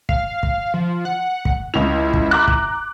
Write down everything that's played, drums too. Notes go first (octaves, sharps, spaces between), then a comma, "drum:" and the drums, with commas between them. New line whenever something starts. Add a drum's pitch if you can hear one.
F5, drum: kick
drum: kick
F3
F#5
drum: kick
C#2 E4 F7
drum: kick
A#5 D6 F#6
drum: kick